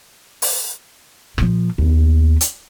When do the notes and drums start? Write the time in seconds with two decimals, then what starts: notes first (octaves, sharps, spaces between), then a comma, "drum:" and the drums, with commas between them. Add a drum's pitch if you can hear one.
0.42 drum: open hi-hat
1.38 A#2 F3, drum: rim click
1.78 D#2 B3
2.41 drum: hi-hat